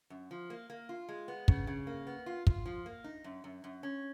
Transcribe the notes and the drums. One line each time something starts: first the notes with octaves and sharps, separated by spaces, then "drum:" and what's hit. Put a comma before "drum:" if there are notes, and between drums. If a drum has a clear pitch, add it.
F#2
F3
A#3
A#3
F4
G#3
B3
C#3, drum: kick
C#3
A#3
B3
F4
F4, drum: kick
F3
A#3
D#4
F#2
F#2
F#2
C#4